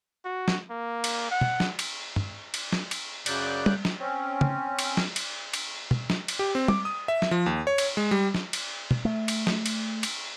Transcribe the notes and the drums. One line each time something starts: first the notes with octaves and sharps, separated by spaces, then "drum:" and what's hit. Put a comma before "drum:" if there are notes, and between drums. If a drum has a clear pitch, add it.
F#4
drum: snare
A#3
drum: cymbal
F#5
drum: tom
drum: snare
drum: cymbal
drum: tom
drum: cymbal
drum: snare
drum: cymbal
F#2 C#3 F#3 D5 F#6 G6, drum: cymbal
drum: tom
drum: snare
C4 C#4
drum: tom
drum: cymbal
drum: snare
drum: cymbal
drum: cymbal
drum: tom
drum: snare
drum: cymbal
G4
C4
D6, drum: tom
D#6
E5
drum: snare
F3
D#2
C#5
drum: cymbal
G#3
G3
drum: snare
drum: cymbal
drum: tom
A3
drum: cymbal
drum: snare
drum: cymbal
drum: cymbal